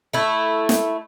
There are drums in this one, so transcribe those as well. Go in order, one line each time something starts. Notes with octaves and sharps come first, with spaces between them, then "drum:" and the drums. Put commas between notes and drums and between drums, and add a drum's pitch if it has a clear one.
A3 E4
drum: snare